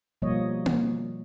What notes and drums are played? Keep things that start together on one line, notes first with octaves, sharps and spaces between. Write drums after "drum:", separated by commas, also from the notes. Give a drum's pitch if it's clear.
B2 F3 G3 A#3 C#5 D#5
drum: tom A#3